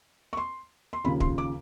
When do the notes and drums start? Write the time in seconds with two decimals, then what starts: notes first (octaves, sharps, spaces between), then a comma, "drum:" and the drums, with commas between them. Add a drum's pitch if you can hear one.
0.33 C#6
0.37 C6
0.93 C6
1.04 D#2 C#3 F3 B5
1.20 C6, drum: kick
1.38 D6